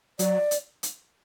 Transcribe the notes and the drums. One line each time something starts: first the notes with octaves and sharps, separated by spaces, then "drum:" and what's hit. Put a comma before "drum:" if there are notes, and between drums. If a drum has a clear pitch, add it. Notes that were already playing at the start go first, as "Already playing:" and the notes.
F#3 D5, drum: hi-hat
drum: hi-hat
drum: hi-hat